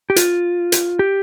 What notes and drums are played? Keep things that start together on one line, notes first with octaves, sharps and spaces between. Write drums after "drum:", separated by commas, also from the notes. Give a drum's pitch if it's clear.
G4
F4, drum: hi-hat
drum: hi-hat
G4